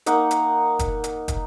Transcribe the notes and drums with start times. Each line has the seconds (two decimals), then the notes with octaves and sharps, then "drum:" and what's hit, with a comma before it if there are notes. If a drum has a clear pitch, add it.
0.06 A#3 D#4 F#5, drum: hi-hat
0.31 drum: hi-hat
0.79 drum: kick, hi-hat
1.04 drum: hi-hat
1.28 drum: kick, hi-hat